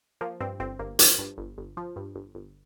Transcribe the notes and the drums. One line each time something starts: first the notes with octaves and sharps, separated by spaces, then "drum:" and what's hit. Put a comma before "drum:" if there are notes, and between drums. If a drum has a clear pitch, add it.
F3 A#3
G2 C4
G1 C4
G1 A#3
F3, drum: hi-hat
G2
G1
G1
F3
G2
G1
G1